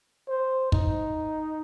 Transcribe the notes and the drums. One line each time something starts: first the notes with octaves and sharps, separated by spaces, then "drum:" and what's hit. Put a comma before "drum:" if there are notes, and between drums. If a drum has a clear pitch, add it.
C5
D#4, drum: kick